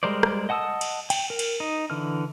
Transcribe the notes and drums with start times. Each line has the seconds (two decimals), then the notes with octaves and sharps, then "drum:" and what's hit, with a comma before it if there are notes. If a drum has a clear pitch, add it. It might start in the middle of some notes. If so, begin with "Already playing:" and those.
0.03 G3 G#3 A#4 C5 D5
0.23 drum: rim click
0.49 D#5 F#5 A5 D#6 E6
0.81 drum: cymbal
1.10 G5, drum: cymbal
1.30 A#4
1.39 drum: cymbal
1.60 D#4
1.90 D3 E3 F6